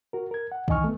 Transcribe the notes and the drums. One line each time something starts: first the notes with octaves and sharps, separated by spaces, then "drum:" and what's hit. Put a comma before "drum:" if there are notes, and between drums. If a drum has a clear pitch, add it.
F#4 A#4
A#4 G#6
F#5
D#3 E3 D#5 G#5 C#6 F6, drum: kick
A3 B3